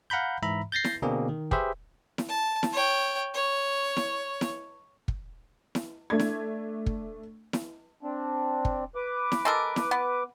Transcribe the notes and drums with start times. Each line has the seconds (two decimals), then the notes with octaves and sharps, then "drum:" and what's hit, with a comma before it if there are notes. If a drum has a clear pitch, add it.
0.10 F5 F#5 A#5 B5 G6
0.42 G#2 E3 E5 A#5 B5
0.72 G6 A6 A#6 C7
0.84 drum: snare E4
1.02 B2 D3 A#3 C4 D4 G#4
1.29 D#3
1.51 G4 G#4 B4 C5 E5, drum: kick
2.18 drum: snare E4
2.29 A5
2.63 drum: snare E4
2.73 C#5 G5
3.34 C#5
3.97 drum: snare E4
4.41 drum: snare E4
5.08 drum: kick
5.75 drum: snare E4
6.10 A3 D4 G#6
6.19 drum: snare E4
6.86 drum: kick
7.53 drum: snare E4
8.03 C4 D4
8.65 drum: kick
8.95 B4 D6
9.32 drum: snare E4
9.45 G#3 A4 A#4
9.76 drum: snare E4
9.91 B3